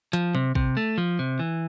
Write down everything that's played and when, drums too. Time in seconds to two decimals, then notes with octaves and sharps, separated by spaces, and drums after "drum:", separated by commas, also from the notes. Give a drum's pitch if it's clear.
0.13 F3, drum: hi-hat
0.35 C3, drum: tom F#3
0.55 C3, drum: kick A#1
0.77 A3
0.98 F3
1.19 C3
1.39 E3